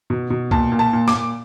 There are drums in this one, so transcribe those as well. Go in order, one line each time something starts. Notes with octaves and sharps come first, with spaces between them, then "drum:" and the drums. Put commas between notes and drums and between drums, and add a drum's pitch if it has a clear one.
B2
B2
A#2 A5, drum: kick
A#2
A5
A#2
D6, drum: snare
A#2